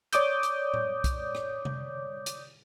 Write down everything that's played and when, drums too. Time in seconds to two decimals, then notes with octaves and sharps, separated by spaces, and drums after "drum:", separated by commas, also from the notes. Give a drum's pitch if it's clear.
0.13 C#5 D5 D6 D#6 G6, drum: hi-hat
0.43 drum: hi-hat
0.74 drum: tom A2
1.04 drum: kick, hi-hat
1.35 drum: rim click
1.65 drum: tom C3
2.26 drum: hi-hat